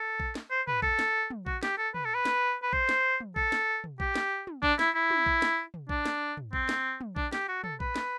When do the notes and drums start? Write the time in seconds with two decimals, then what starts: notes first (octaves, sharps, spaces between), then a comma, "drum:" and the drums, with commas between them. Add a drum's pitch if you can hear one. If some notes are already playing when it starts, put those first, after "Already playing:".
Already playing: A4
0.20 drum: kick A#1
0.35 drum: snare
0.51 C5
0.67 B4, drum: tom
0.82 A4, drum: kick A#1
0.99 drum: snare
1.30 drum: tom
1.46 F#4, drum: kick A#1
1.63 G4, drum: snare
1.78 A4
1.94 B4, drum: tom
2.05 A4
2.15 B4
2.25 drum: snare
2.63 B4
2.73 C5, drum: kick A#1
2.89 drum: snare
3.20 drum: tom
3.36 A4, drum: kick A#1
3.52 drum: snare
3.84 drum: tom
4.00 G4, drum: kick A#1
4.15 drum: snare
4.47 drum: tom
4.63 D4, drum: kick A#1
4.79 E4, drum: snare
4.95 E4
5.11 drum: tom
5.26 drum: kick A#1
5.42 drum: snare
5.74 drum: tom
5.89 D4, drum: kick A#1
6.06 drum: snare
6.37 drum: tom
6.53 C4, drum: kick A#1
6.69 drum: snare
7.01 drum: tom
7.16 D4, drum: kick A#1
7.33 G4, drum: snare
7.48 F#4
7.64 A4, drum: tom
7.80 B4, drum: kick A#1
7.96 drum: snare